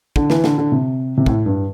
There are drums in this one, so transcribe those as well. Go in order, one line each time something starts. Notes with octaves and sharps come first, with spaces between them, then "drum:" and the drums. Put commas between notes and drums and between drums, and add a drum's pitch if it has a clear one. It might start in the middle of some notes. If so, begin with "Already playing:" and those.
D3, drum: kick
E3, drum: snare
D3, drum: snare
D3
C3
C3
A2, drum: kick
G2